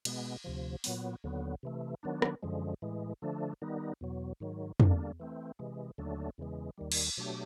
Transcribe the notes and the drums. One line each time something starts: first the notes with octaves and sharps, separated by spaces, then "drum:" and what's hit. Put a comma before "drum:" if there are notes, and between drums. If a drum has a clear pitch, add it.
B2 G#3 B3, drum: cymbal
D2 C3 F3
A#2 F#3 B3, drum: open hi-hat
D#2 D3 F#3 B3
C3 E3 A3
D#3 F#3 B3 D4
drum: rim click
F#2 D3 F3 G#3
A2 E3 G#3
D3 F3 A3 D4
D#3 G3 B3 D#4
E2 B2 F#3
G#2 D#3 F#3
D3 G3 A#3 D4, drum: tom
E3 A3 C4
C3 E3 G#3
D#2 D3 F#3 A3 D4
E2 C#3 E3 G#3
D#2 D#3 G3
drum: cymbal
B2 F#3 A3 D4 G4